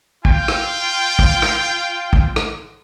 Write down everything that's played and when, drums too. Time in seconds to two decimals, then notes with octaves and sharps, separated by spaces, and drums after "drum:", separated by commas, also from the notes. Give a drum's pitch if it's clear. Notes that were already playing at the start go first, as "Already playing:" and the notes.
0.25 F4 G5, drum: kick
0.48 drum: rim click
1.19 drum: kick
1.42 drum: rim click
2.13 drum: kick
2.36 drum: rim click